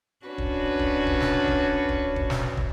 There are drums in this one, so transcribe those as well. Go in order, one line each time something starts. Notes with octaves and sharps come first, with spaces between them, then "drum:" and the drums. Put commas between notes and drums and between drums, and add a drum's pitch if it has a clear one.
C#4 D4 F#4 B4 C#5
drum: kick
drum: kick
drum: kick
drum: snare
drum: kick
drum: kick
drum: kick
drum: snare
drum: kick